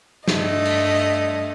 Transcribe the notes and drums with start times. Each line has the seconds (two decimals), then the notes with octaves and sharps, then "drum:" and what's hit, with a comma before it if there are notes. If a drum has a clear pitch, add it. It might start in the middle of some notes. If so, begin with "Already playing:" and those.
0.28 G2 A3 D#5, drum: snare
0.65 drum: cymbal